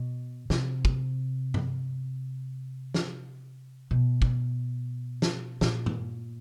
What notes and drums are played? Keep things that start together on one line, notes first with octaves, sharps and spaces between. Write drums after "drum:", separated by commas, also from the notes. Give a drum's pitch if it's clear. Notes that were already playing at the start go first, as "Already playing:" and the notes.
Already playing: B2
C3, drum: snare
drum: kick
drum: tom G2
drum: snare
B2
drum: kick
drum: snare
A#2, drum: snare
drum: tom G2